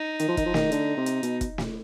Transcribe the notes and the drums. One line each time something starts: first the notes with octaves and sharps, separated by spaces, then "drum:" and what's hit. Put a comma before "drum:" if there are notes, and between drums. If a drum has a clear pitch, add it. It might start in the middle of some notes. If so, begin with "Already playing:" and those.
Already playing: D#4
D#3, drum: hi-hat
F3
D#3, drum: kick, hi-hat
F3
D#3, drum: snare
D3, drum: hi-hat
C3
drum: hi-hat
B2, drum: hi-hat
drum: kick, hi-hat
drum: snare